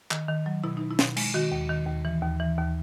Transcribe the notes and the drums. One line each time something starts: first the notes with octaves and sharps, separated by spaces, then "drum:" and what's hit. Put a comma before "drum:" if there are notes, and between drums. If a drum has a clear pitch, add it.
D#3, drum: clap
D#3
F#3
B2 E4
B2 D#4
E4
B2, drum: snare
G#3, drum: cymbal
D#3 F#4
D#2
D#3
D#2
E3
D#2
E3
D#2